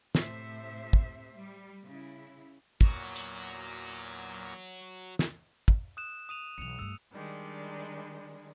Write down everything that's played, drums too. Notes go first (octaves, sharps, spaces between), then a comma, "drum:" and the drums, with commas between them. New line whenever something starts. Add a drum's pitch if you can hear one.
A2 C3 C5 E5, drum: snare
drum: kick
G3
C#3 E4
E2 A#2 F#3 F#4 A#5, drum: kick
drum: tambourine
drum: snare
drum: kick
D#6 F#6 E7
D#6 D#7 F7
B1 E3 C#7 F7
G2 A3 E6
D#3 G3 G#3 D4